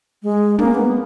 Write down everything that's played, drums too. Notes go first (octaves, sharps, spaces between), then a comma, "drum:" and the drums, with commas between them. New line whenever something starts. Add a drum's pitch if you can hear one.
G#3
A#3, drum: tom
B3